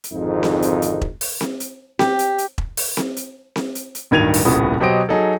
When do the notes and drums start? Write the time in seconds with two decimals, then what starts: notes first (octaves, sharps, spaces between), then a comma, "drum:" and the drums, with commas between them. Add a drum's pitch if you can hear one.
0.04 drum: hi-hat
0.13 G#1 F2 G#2 D3 D#4 F4
0.43 drum: snare C4
0.62 drum: hi-hat
0.82 drum: hi-hat
1.01 drum: kick E1
1.21 drum: open hi-hat
1.41 drum: snare C4
1.60 drum: hi-hat
1.99 G4, drum: snare C4
2.19 drum: hi-hat
2.38 drum: hi-hat
2.58 drum: kick E1
2.77 drum: open hi-hat
2.97 drum: snare C4
3.17 drum: hi-hat
3.56 drum: snare C4
3.75 drum: hi-hat
3.95 drum: hi-hat
4.11 D1 G2 D#3 G#6 D#7 F7
4.34 drum: open hi-hat
4.45 D#1 C2 A2 C#3 B3 D#6
4.80 B2 F#3 G4 C5 D#5 D7
5.09 F#3 D#4 G#4 A4